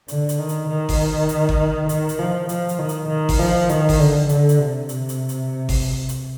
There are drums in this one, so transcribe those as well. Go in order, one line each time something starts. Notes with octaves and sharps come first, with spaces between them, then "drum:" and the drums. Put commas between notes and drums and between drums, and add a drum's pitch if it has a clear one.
D3, drum: hi-hat
drum: hi-hat
D#3
drum: hi-hat
D#3
drum: kick G#1, open hi-hat
drum: hi-hat
drum: kick G#1
D#3, drum: hi-hat
drum: hi-hat
F3
F3, drum: hi-hat
drum: hi-hat
D#3
drum: hi-hat
D#3
drum: kick G#1, open hi-hat
F3
D#3, drum: hi-hat
drum: kick G#1, open hi-hat
D3
D3, drum: hi-hat
drum: hi-hat
C3
drum: hi-hat
drum: hi-hat
drum: hi-hat
drum: kick G#1, open hi-hat
drum: hi-hat